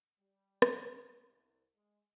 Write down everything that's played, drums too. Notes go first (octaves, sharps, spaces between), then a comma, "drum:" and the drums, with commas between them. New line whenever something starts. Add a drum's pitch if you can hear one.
G3
drum: rim click
C2
G#3